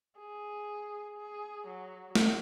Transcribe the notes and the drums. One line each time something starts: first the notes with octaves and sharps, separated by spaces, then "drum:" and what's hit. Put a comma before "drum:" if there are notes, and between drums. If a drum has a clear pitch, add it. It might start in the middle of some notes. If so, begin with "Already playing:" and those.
G#4
G#4
F#3
drum: snare A3